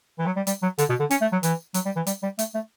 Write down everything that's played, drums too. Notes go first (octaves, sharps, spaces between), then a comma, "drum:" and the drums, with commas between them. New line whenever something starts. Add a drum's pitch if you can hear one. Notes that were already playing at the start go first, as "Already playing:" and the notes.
E3
F#3
G3
G3, drum: hi-hat
F#3
D3, drum: hi-hat
B2
D3
C#4, drum: hi-hat
A3
F#3
E3, drum: hi-hat
F#3, drum: hi-hat
G3
E3
G3, drum: hi-hat
G3
A3, drum: hi-hat
A3